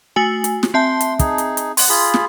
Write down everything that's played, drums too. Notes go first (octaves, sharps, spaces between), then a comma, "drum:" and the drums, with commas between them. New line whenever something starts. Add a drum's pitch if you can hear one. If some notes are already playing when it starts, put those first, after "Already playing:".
A3 F#4 G#5
drum: hi-hat
drum: snare
C4 E5 A5 C6
drum: hi-hat
D#4 G#4, drum: kick, hi-hat
drum: hi-hat
drum: hi-hat
F#5 C6, drum: open hi-hat
F4 G#4 B5
drum: snare